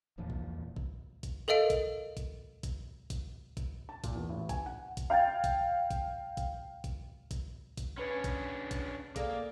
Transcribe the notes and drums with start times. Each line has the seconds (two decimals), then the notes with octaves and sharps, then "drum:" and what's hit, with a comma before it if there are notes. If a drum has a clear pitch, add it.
0.18 D1 E2 A#2 F3
0.30 drum: kick
0.76 drum: kick
1.23 drum: kick, hi-hat
1.48 A4 A#4 D#5 F5 D7
1.70 drum: kick, hi-hat
2.17 drum: kick, hi-hat
2.63 drum: kick, hi-hat
3.10 drum: kick, hi-hat
3.57 drum: kick, hi-hat
3.89 A5
4.04 A#2, drum: kick, hi-hat
4.15 E2
4.30 A1
4.49 G#5, drum: kick, hi-hat
4.66 F#5
4.97 drum: kick, hi-hat
5.10 F5 G5 G#6 A6
5.44 drum: kick, hi-hat
5.91 drum: kick, hi-hat
6.37 drum: kick, hi-hat
6.84 drum: kick, hi-hat
7.31 drum: kick, hi-hat
7.77 drum: kick, hi-hat
7.98 C#4 D4 G#4 B4 B5 C#7
8.24 drum: kick, hi-hat
8.71 drum: kick, hi-hat
9.16 A#3 G#4 A4 D5, drum: kick, hi-hat